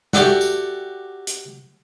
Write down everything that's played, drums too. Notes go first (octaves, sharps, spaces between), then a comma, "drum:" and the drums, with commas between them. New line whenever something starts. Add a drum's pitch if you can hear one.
F#4 G4 A4 D5 E5 F#5, drum: snare
drum: tambourine
drum: hi-hat